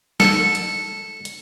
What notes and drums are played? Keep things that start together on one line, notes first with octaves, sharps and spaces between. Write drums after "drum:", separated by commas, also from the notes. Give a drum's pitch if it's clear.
A4, drum: snare
drum: hi-hat
drum: hi-hat